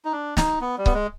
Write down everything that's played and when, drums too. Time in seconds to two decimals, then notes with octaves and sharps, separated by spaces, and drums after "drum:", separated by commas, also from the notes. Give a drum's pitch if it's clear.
0.05 D#4
0.12 D4
0.37 D#4, drum: snare
0.61 B3
0.78 G3
0.86 B3, drum: kick C#1
0.94 G#3